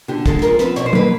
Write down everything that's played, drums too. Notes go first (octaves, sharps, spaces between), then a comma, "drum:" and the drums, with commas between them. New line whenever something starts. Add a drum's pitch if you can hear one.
D3 G4
G#3 A4, drum: kick, hi-hat
F3 A#4, drum: hi-hat
C4 B4, drum: hi-hat
B2 C#5, drum: hi-hat
C5
A#3 B4, drum: tom